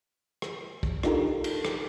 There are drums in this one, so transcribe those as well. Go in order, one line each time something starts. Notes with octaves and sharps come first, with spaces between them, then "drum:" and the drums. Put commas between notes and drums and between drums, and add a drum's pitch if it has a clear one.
drum: rim click
drum: kick
D4 D#4 F4 G4 A4 A#4, drum: rim click
drum: cymbal
drum: rim click